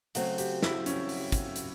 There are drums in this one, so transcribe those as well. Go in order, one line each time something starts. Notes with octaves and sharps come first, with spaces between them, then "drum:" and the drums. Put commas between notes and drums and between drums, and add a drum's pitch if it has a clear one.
C#3 F#3 A3 C4 F#4, drum: hi-hat
G4, drum: hi-hat
E4, drum: snare
C#4, drum: hi-hat
drum: open hi-hat
drum: kick, hi-hat
drum: hi-hat